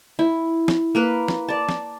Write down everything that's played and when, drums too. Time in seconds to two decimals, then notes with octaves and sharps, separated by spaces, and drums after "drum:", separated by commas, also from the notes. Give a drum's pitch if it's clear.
0.19 E4
0.68 drum: snare
0.95 A#3 A#4 B4
1.28 drum: snare
1.48 D5 A5
1.69 drum: snare